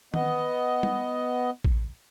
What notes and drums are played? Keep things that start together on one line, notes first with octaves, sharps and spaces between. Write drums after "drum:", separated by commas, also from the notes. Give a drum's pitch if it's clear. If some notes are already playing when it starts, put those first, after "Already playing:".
B3 D#5, drum: tom D#3
drum: tom G3
drum: kick A1